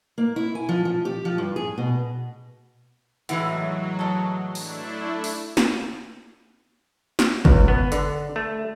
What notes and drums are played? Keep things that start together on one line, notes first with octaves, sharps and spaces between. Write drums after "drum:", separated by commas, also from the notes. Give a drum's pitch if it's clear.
A#3
E4
G#5
F3
F3
G4
F3
G2
G#4
B2
A2 E3 F#3 G#3 F#4 B4, drum: hi-hat
A4 D#5 A5
A3 D4 E4, drum: open hi-hat
drum: open hi-hat
drum: snare
drum: snare
C#2, drum: kick
B3
D3, drum: hi-hat
A3